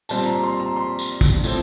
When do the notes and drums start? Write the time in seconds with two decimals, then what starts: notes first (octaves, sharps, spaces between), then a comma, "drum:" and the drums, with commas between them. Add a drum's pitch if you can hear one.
0.09 A#2 G3 C4 A5, drum: tambourine
0.26 A#5
0.43 C6
0.60 A#5
0.76 C6
0.99 drum: tambourine
1.21 drum: kick, tambourine
1.44 A2 F3 C4, drum: tambourine